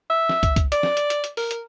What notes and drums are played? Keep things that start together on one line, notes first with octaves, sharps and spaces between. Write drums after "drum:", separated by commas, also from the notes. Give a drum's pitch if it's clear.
E5
drum: snare
drum: kick, hi-hat
drum: kick, hi-hat
D5, drum: hi-hat
drum: snare
drum: hi-hat
drum: hi-hat
drum: hi-hat
A#4, drum: open hi-hat
drum: hi-hat